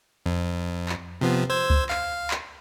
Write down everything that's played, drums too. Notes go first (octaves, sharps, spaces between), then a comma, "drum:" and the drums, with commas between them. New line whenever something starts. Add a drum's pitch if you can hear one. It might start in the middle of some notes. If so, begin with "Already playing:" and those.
F2
drum: clap
C3 F3 B3
C5 E6 G#6
drum: kick C#2
F5, drum: clap
drum: clap